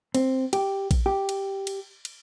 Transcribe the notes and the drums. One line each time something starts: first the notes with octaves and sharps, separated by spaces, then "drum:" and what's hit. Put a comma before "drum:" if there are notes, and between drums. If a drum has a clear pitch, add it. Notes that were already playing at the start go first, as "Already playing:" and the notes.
C4, drum: cymbal
G4, drum: cymbal
drum: kick A#1, cymbal
G4
drum: cymbal
drum: cymbal
drum: cymbal